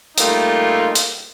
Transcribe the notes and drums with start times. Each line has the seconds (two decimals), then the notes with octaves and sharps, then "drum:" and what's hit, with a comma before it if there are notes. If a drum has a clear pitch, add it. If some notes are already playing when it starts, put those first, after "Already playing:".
0.18 G3 A3 A#3 D#4 F4, drum: hi-hat
0.95 drum: hi-hat